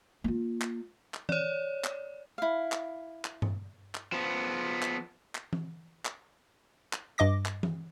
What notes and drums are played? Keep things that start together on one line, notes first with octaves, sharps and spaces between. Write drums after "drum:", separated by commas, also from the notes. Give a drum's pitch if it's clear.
A#3 F4
drum: clap
drum: clap
C#5 D5, drum: tom E3
drum: clap
E4 F5
drum: clap
drum: clap
drum: tom G2
drum: clap
F3 B3
drum: clap
drum: clap
drum: tom E3
drum: clap
drum: clap
G2 D#5 D6 A#6
drum: clap
drum: tom E3